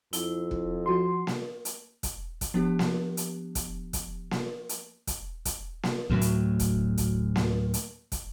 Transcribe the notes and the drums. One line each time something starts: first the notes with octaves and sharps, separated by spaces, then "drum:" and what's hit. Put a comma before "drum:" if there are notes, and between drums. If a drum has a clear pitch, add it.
F2 E4, drum: hi-hat
drum: kick
F3 F#4 C6
drum: snare A#3
drum: hi-hat
drum: kick, hi-hat
drum: kick, hi-hat
F3 B3 D4 G4
drum: snare A#3
drum: hi-hat
drum: kick, hi-hat
drum: kick, hi-hat
drum: snare A#3
drum: hi-hat
drum: kick, hi-hat
drum: kick, hi-hat
drum: snare A#3
D2 A2 F#3
drum: hi-hat
drum: kick, hi-hat
drum: kick, hi-hat
drum: snare A#3
drum: hi-hat
drum: kick, hi-hat